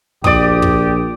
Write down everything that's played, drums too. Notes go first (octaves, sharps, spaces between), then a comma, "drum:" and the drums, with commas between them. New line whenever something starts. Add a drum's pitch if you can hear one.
A#1 G4 D5 D#6, drum: kick
drum: kick